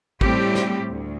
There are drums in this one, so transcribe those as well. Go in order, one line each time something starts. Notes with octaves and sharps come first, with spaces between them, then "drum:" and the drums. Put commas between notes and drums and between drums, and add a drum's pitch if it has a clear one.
A2 G3 C4 G4, drum: kick
drum: snare
D2